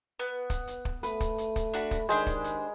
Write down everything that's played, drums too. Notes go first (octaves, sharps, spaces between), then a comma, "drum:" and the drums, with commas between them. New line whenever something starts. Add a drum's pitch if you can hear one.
B3
drum: kick, hi-hat
drum: hi-hat
drum: kick
A3 B4, drum: hi-hat
drum: kick, hi-hat
drum: hi-hat
drum: kick, hi-hat
D4 F#4 B5, drum: hi-hat
drum: kick, hi-hat
D#3 G#3 D4 G4 C5
drum: kick, hi-hat
drum: hi-hat